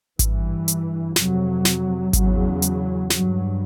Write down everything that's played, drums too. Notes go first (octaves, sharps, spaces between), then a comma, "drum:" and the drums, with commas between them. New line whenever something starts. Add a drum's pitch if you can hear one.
G2 E3, drum: kick G#1, hi-hat
drum: hi-hat
F2 C3 F#3, drum: snare
drum: snare
E2 C#3 F#3, drum: kick G#1, hi-hat
drum: hi-hat
G2 F#3, drum: snare